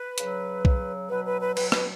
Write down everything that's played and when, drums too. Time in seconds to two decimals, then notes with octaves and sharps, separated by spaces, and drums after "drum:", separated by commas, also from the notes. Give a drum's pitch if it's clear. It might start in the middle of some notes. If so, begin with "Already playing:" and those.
Already playing: B4
0.18 C#3 F#3, drum: hi-hat
0.65 C#3 F#3, drum: kick B1
1.11 B2 F#3 B4
1.26 B4
1.42 B4
1.57 B2 F#3 B4, drum: cymbal
1.72 B4, drum: rim click